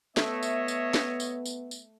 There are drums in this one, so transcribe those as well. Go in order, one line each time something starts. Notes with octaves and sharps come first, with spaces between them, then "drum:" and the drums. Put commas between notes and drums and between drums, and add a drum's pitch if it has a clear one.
A3 B3 C#5 D#5 E5, drum: snare
drum: tambourine
drum: tambourine
drum: snare
drum: tambourine
drum: tambourine
drum: tambourine